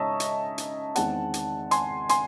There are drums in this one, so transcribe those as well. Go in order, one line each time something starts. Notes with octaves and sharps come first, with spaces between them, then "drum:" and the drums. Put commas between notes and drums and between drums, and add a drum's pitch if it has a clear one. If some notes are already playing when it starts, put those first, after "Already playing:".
Already playing: C#3 G#3 D#4 C#5 D#5 E5 A5 C#6
drum: hi-hat
drum: hi-hat
E2 D#3 G#3 C4 F#5 A5, drum: hi-hat
drum: hi-hat
G#5 C6, drum: hi-hat
G#5 C6, drum: hi-hat